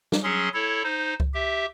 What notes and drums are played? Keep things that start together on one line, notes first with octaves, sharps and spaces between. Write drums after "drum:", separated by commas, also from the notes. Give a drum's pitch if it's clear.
drum: snare
F#3 C#4 G#4 C6
E4 A4 C#5
D#4 C5
drum: kick C#2
G4 E5